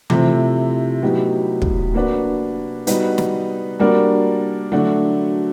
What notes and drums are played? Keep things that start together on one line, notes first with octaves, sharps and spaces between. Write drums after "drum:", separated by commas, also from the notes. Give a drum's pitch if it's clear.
C3 F3 A3 C4 E4, drum: tom E3
A2 F#3 B3 D#4 G4
drum: kick
A#3 D4 F#4 B4
G3 B3 D#4 F#4 B4, drum: hi-hat
drum: snare
G3 A#3 D4 F#4 A#4
D3 F#3 A3 D4 F#4